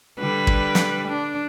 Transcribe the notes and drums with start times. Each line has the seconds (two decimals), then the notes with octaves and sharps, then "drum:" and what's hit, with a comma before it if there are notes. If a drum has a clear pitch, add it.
0.19 D3 G3 B4
0.47 drum: kick
0.75 drum: snare
1.08 D4